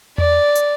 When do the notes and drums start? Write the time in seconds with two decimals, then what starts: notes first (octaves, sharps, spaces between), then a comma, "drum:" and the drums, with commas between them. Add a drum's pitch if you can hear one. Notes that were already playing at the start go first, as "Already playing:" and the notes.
0.18 D5, drum: tom E2
0.55 drum: hi-hat